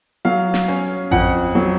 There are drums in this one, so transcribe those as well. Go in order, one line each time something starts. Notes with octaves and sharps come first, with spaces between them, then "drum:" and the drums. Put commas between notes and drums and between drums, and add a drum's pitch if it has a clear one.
F#3 F5
drum: snare
C#4
F2 F#5, drum: kick A1
F#3